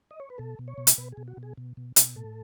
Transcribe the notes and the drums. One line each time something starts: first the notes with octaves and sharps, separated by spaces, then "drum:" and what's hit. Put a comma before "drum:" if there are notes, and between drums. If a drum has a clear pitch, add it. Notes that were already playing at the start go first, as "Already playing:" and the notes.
D#5
C#5
B4
B2 A4
B2
C#5
B2
drum: hi-hat
B2 B4
B2 G#4
F#4
B2
G#4
B2
B2
B2, drum: hi-hat
A2 A4